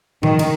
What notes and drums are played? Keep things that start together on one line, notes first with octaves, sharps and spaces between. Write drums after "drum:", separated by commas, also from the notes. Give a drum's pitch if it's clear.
D#3, drum: tom A2
drum: cymbal